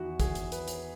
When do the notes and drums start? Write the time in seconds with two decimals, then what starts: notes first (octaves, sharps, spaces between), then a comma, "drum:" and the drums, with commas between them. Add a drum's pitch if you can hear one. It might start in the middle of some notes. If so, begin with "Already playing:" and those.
Already playing: E2 D#3 E4 F#4
0.20 G#4, drum: kick, hi-hat
0.35 drum: hi-hat
0.52 B4, drum: hi-hat
0.68 drum: hi-hat